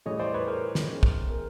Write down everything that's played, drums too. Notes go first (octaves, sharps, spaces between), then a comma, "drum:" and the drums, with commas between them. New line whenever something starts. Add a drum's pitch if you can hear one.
A2 E3 G3 C#5 D#5
C5 D5
B4 C#5
A#4 C5
drum: snare
F#2 D#3 G#3 B3
drum: kick
G#4 A#4